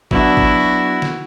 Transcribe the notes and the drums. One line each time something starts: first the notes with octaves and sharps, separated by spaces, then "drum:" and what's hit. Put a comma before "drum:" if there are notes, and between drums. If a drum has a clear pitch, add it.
F#3 B3 D4 E4 F#4, drum: kick
drum: kick
drum: snare